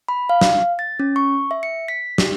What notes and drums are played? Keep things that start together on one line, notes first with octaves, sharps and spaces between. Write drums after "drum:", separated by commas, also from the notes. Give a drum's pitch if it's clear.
B5
F5
drum: snare
A6
C#4
C#6
E5
C#7
B6
G4, drum: snare